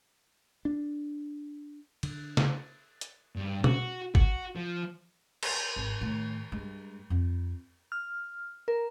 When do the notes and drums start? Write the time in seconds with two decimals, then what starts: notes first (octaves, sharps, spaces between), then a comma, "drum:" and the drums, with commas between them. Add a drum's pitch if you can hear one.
0.65 D4
2.03 D3, drum: cymbal
2.37 drum: snare
3.01 drum: hi-hat
3.36 G2
3.64 F#4, drum: tom B2
4.15 F#4, drum: kick
4.56 F3
5.43 drum: cymbal
5.76 G#1
6.01 A2 D#3
6.52 G2 G#3
7.10 F2
7.92 F6
8.68 A#4